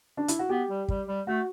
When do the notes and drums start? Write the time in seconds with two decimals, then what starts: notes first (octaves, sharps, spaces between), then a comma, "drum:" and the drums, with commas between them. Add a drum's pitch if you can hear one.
0.17 D4
0.28 E4, drum: hi-hat
0.39 F#4
0.49 B3 G4
0.70 G3
0.88 G3, drum: kick
1.08 G3
1.27 A3 F#4